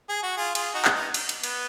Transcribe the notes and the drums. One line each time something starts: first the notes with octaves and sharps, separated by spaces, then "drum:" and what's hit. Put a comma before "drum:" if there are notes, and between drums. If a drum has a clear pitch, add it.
G#4
F#4
F4 G#4
F4 G#4, drum: cymbal
D#4 F#4
drum: clap
B3 D#4
drum: cymbal
drum: cymbal
B3, drum: cymbal